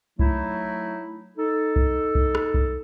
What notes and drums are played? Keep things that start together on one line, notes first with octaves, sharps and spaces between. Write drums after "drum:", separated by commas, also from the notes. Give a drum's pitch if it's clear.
F#3 A3 D#4 E4, drum: kick B1
D#4 A4
drum: kick B1
drum: kick B1
drum: rim click
drum: kick B1